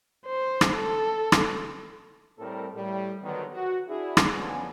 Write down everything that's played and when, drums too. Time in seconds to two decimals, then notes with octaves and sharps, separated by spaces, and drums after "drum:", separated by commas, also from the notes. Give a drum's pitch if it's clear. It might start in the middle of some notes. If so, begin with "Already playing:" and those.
0.26 C5
0.61 drum: rim click
0.76 A4
1.32 drum: rim click
2.39 A2 G3 C4 A4 A#4
2.74 A2 G3
3.23 D3 D#3 F#3 B3
3.54 F#4
3.88 D4 E4 F#4 G#4
4.17 drum: rim click
4.35 F2 C#3 F3 B3 D4 G#5